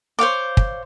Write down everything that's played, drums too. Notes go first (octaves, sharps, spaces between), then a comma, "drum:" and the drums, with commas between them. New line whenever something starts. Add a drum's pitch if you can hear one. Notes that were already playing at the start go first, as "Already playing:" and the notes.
C5 C#5 F5 D6
drum: kick